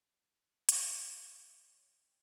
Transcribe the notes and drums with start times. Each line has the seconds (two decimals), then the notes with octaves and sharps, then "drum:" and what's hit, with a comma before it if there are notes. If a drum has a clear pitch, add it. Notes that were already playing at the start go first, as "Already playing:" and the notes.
0.69 drum: hi-hat
0.82 F#5
1.02 A5
1.21 G#5
1.38 D6
1.56 G5
1.71 C#5
1.89 A6
2.06 G5